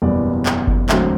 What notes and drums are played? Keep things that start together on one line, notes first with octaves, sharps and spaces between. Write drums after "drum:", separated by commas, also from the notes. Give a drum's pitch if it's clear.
F#1 E2 B2 G3 B3 D5
drum: clap
drum: kick G1
E1 D2 D3 F#3 C4 E5, drum: clap